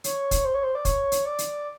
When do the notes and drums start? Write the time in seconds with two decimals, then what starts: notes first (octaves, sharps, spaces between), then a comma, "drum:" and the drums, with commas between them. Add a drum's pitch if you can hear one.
0.04 C#5, drum: hi-hat
0.31 drum: kick, hi-hat
0.45 C5
0.54 C#5
0.63 C5
0.75 D5
0.85 C#5, drum: kick, hi-hat
1.12 drum: hi-hat
1.25 D5
1.38 drum: hi-hat